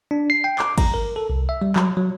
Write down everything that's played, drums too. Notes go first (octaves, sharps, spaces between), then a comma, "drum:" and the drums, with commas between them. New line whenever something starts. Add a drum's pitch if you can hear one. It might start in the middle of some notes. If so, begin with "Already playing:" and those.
D4
C7
G5
D6, drum: clap
A#5, drum: kick, cymbal
A#4
A4
C2
E5
G3
F#3, drum: clap
F#3